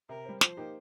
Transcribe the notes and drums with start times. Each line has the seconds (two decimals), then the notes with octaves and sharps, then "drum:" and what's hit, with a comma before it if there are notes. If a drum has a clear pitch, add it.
0.09 C3 A#4
0.25 G3 C4
0.41 F3 C5, drum: snare
0.57 A#3 D#4 G4